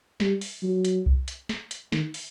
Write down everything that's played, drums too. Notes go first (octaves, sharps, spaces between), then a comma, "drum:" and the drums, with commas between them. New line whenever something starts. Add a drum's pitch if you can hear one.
G3, drum: snare
drum: open hi-hat
F#3
drum: hi-hat
drum: kick C2
drum: hi-hat
drum: snare
drum: hi-hat
D#3, drum: snare
drum: open hi-hat